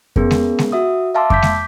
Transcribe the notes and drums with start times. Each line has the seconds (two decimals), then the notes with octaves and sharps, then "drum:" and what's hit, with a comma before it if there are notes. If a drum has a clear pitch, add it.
0.16 B3 C#4 G#4 A#4, drum: kick F2
0.31 drum: snare G#3
0.59 drum: snare G#3
0.72 F#4 E5 D#6
1.14 E5 F5 A5 C6 D6 E6
1.30 D6 G6 B6, drum: kick F2
1.42 drum: snare G#3